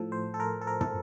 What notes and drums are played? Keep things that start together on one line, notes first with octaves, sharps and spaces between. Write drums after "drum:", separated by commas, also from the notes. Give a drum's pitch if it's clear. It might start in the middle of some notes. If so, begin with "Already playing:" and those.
Already playing: A2 F3 A4
C5
A4
A#4
A4
A#4
A4, drum: tom